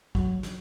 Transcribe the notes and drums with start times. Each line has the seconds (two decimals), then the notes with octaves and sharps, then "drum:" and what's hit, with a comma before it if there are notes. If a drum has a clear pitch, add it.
0.15 F#3, drum: kick
0.43 drum: snare